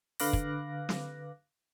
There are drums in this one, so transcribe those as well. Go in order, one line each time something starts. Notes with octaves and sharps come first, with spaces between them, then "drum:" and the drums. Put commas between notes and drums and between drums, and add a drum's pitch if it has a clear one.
D3 B4 F5 D6 F#6 A#6, drum: open hi-hat
drum: kick
drum: snare